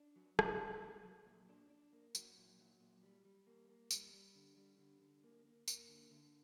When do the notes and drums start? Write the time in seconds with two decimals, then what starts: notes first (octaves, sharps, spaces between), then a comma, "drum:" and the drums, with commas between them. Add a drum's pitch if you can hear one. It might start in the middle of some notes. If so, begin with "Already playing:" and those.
Already playing: D4
0.16 F#3
0.39 F#3, drum: rim click
0.61 A#3
0.82 F#3
1.04 F#3
1.26 A#2
1.49 D4
1.70 D4
1.93 A#3
2.15 F#3, drum: tambourine
2.37 A#2
2.59 F#3
2.80 A#2
3.03 G3
3.25 G3
3.47 A#3
3.69 A#3
3.91 G3, drum: tambourine
4.13 G3
4.35 D3
4.57 G3
4.78 D3
5.01 D3
5.24 A#3
5.45 A#3
5.68 A#3, drum: tambourine
5.89 D3
6.11 D3